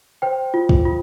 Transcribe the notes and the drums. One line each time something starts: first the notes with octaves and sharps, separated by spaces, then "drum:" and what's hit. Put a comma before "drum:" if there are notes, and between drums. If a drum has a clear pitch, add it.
C5 G5
F4
drum: kick
F4